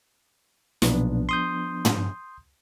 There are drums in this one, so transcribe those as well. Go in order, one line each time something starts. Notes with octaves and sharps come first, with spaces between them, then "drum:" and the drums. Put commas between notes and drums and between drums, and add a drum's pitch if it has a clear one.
B1 A#2 F3 B3 D4, drum: snare
C6 D#6 G6
drum: tom